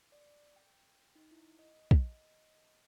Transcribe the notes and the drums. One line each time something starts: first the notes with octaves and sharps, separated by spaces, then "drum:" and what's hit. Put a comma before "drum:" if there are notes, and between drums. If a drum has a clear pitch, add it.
D5
G5
D#4
E4
D#5
drum: kick